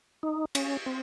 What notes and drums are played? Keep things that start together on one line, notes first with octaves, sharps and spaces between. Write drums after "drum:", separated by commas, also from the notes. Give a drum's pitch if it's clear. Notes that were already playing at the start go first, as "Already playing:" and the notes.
D#4
C#4, drum: cymbal
C4